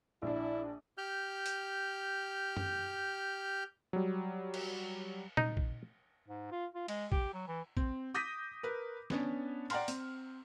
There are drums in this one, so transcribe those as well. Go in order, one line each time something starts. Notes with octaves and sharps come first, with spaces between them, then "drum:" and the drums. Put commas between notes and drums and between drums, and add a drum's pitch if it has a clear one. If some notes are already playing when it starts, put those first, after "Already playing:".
A#1 D4 E4
G4 F6 G6
drum: hi-hat
drum: tom F#2
F#3 G3
drum: cymbal
D#4, drum: tom A#2
drum: kick A#1
G#2
F4
F4
G#3, drum: cymbal
G4, drum: kick A#1
F#3
E3
C4, drum: kick A#1
D6 D#6 G6 A#6 B6 D#7
A#4 B4
B3 C#4 D4 B4, drum: snare
D5 F#5 G5 A#5 C6 F6, drum: cymbal
C4, drum: hi-hat